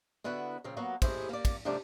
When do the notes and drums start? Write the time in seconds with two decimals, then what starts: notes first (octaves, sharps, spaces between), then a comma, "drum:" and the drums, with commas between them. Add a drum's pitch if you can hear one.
0.24 D3 B3 E4 F#4 B4
0.64 A#2 C#3 F3 C4
0.77 F#3 A#3 B3 F#4
1.02 D#2 A2 E4 G#4 C5, drum: kick, cymbal
1.29 A#3 D5
1.45 drum: kick, cymbal
1.65 C3 F3 G3 A3 D4